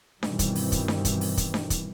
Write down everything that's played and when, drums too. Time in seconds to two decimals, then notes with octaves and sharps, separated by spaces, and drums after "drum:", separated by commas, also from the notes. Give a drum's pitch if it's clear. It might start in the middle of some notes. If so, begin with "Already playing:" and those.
0.23 G2 B2 D#3 E3 G3 C4, drum: snare D4
0.39 drum: kick, hi-hat
0.55 drum: open hi-hat
0.72 drum: kick, hi-hat
0.88 drum: snare D4
1.05 drum: kick, hi-hat
1.21 drum: open hi-hat
1.37 drum: kick, hi-hat
1.54 drum: snare D4
1.70 drum: kick, hi-hat